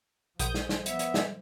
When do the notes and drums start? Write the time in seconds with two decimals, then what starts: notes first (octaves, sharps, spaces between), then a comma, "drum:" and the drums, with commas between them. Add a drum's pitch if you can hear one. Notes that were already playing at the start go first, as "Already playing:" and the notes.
0.40 A#1 F3 D#6 G6, drum: hi-hat
0.54 drum: snare
0.69 drum: snare
0.86 B3 E5, drum: hi-hat
0.99 drum: hi-hat
1.14 drum: snare